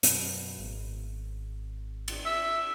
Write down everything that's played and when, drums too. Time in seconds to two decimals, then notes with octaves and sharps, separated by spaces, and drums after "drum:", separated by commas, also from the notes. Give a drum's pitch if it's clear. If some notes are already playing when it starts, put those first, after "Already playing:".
0.03 F#2 B2, drum: hi-hat
0.59 G#1
2.08 drum: cymbal
2.26 E5